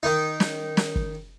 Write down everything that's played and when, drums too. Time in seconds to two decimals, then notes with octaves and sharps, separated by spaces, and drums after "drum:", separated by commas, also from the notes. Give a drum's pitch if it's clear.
0.03 D#3 D#4
0.40 drum: snare
0.77 drum: snare
0.96 drum: kick